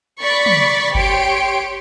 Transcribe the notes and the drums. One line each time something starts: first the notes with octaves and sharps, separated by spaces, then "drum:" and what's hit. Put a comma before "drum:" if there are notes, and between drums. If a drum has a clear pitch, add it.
D5 B5 C#6 A6 B6
drum: tom
G4 C#5 G5 C6 D7, drum: kick G1